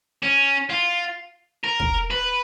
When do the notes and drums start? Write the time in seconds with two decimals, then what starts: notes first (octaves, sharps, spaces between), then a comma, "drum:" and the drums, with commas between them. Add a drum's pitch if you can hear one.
0.23 C#4
0.70 F4
1.64 A#4
1.80 drum: kick
2.11 B4